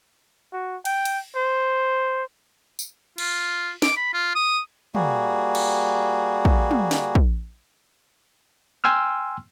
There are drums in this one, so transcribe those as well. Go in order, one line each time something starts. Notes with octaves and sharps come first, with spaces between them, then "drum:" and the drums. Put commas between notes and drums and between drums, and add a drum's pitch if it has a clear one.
F#4
G5, drum: cymbal
drum: cymbal
C5
drum: tambourine
F4, drum: cymbal
D6, drum: snare
B5
F4
D#6
G3 A#3 F#4 G#4, drum: tom
drum: cymbal
drum: kick
drum: tom
drum: snare
drum: kick
G5 G#5 C6 E6 F6